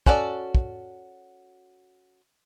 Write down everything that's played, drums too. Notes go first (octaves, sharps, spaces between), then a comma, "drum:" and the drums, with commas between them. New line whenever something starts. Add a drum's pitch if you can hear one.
C#4 F#4 A4 A#4 D5, drum: kick
drum: kick